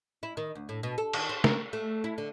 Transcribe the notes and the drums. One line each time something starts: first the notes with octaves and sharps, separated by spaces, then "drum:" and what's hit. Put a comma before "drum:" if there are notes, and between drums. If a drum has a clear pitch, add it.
E4
D#3
D2
A2
B2
A4
D#3, drum: cymbal
C5
A#4, drum: snare
A3
E4
D3